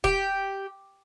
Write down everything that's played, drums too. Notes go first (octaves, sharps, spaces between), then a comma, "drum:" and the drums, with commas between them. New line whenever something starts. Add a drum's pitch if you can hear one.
G4, drum: kick